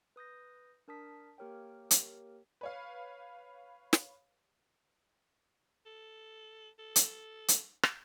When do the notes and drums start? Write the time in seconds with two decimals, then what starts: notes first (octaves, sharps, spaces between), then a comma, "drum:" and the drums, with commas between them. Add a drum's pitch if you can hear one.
0.16 B4 D#6 G6 A#6
0.88 D4 A#4 A5 D#6 B6
1.38 A#3 G4 A#4 C#5 G5
1.91 drum: hi-hat
2.61 B4 C#5 F5
3.93 drum: snare
5.86 A4
6.79 A4
6.96 drum: hi-hat
7.48 drum: hi-hat
7.83 drum: rim click